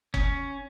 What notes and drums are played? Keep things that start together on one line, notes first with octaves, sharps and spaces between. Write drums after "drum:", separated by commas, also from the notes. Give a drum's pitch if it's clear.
C#4, drum: kick F#1